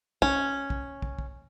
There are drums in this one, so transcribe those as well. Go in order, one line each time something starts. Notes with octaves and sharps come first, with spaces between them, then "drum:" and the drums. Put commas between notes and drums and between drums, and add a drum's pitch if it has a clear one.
C#4, drum: kick
drum: kick
drum: kick
drum: kick